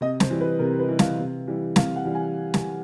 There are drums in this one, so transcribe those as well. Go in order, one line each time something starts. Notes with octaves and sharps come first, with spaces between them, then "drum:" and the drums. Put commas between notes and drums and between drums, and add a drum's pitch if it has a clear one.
C3 D#5
C5, drum: snare
E3 G3
B4
C3 A#4
B4
E3 G3
F5, drum: snare
C3
E3 G3
C3 F5, drum: snare
F#5
E3 G3
G#5
drum: snare